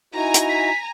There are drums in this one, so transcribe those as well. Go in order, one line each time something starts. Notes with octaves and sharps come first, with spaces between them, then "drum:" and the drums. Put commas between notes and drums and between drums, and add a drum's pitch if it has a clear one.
D#4 E4 F#4 G#5 A#5
drum: hi-hat
B6